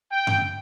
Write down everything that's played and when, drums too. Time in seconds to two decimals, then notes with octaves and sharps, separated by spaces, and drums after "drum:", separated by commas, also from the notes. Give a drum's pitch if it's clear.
0.11 G5
0.27 drum: tom G2